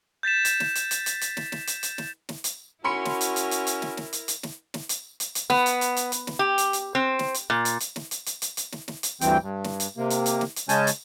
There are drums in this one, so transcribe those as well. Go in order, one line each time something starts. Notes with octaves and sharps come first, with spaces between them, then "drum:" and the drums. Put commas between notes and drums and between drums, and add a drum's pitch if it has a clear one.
G6 A6 B6 E7
drum: hi-hat
drum: snare
drum: hi-hat
drum: hi-hat
drum: hi-hat
drum: hi-hat
drum: snare
drum: snare
drum: hi-hat
drum: hi-hat
drum: snare
drum: snare
drum: hi-hat
C#4 E4 F#4 A#4 B5 C6 C#7
drum: snare
drum: hi-hat
drum: hi-hat
drum: hi-hat
drum: hi-hat
drum: snare
drum: snare
drum: hi-hat
drum: hi-hat
drum: snare
drum: snare
drum: hi-hat
drum: hi-hat
drum: hi-hat
B3, drum: snare
drum: hi-hat
drum: hi-hat
drum: hi-hat
drum: hi-hat
drum: snare
G4
drum: hi-hat
drum: hi-hat
C4
drum: snare
drum: hi-hat
A#2
drum: hi-hat
drum: hi-hat
drum: snare
drum: hi-hat
drum: hi-hat
drum: hi-hat
drum: hi-hat
drum: snare
drum: snare
drum: hi-hat
D2 G2 E3 C4 G5, drum: hi-hat
G2
drum: snare
drum: hi-hat
C3 A#3
drum: hi-hat
drum: hi-hat
drum: snare
drum: hi-hat
C#3 G#3 C#4 G#5 A5 G6, drum: hi-hat
drum: hi-hat